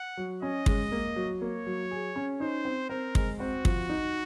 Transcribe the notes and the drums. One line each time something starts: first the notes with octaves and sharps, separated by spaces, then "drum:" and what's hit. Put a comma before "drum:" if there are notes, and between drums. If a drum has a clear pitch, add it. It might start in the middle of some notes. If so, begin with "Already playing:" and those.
Already playing: F#5
F#3
C#4 D#5
G#3, drum: kick
A#3
F#3
A#3 C#5
F#3
G#4
C#4
D#4 C5
C4
C4 A#4
G#3, drum: kick
C4 F#4
F3, drum: kick
D#4